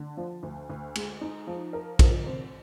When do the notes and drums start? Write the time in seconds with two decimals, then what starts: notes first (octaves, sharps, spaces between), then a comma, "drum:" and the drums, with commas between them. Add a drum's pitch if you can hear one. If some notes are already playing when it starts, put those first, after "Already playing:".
Already playing: D3
0.17 F3
0.43 D2
0.70 D2
0.95 G#3, drum: cymbal
1.21 D#4
1.47 F3
1.73 A#4
1.99 F3, drum: kick A#1, cymbal
2.25 C4